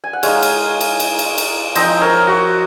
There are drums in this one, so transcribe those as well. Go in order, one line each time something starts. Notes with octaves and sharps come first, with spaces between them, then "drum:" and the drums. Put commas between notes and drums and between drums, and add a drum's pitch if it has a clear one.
G#5
F#5
G#3 D#4 C#5 F5, drum: cymbal
drum: cymbal
drum: cymbal
drum: cymbal
drum: cymbal
drum: cymbal
F3 C4 D#4 C5 D#5, drum: cymbal
A#4 C#5
F#4